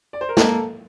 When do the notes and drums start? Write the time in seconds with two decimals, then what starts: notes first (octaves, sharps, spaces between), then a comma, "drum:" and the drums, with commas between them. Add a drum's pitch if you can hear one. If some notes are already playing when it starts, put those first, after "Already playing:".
0.13 D5
0.21 C5
0.29 A#4
0.37 A#3 A4, drum: snare